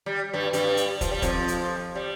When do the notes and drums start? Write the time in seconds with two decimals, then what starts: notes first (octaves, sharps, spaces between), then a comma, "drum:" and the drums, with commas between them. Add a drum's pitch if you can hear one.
0.06 G3
0.33 G2 G3
0.53 G2 G3, drum: hi-hat
0.77 drum: hi-hat
1.01 F3, drum: kick, hi-hat
1.11 G3
1.22 F2 F3, drum: kick, hi-hat
1.48 drum: hi-hat
1.95 G3